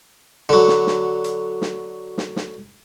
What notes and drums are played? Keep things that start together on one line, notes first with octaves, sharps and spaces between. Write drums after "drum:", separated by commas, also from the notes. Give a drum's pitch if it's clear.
D3 F#3
drum: snare
drum: snare
drum: hi-hat
drum: snare
drum: snare
drum: snare